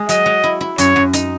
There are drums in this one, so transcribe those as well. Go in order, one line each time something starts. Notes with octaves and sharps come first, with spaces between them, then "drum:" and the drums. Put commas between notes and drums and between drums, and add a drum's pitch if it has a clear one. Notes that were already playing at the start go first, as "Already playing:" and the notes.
Already playing: G#3 G#4
F#3 D#5, drum: hi-hat
F#3
E4
E4
F#2 C#5, drum: hi-hat
F#2
D#4, drum: hi-hat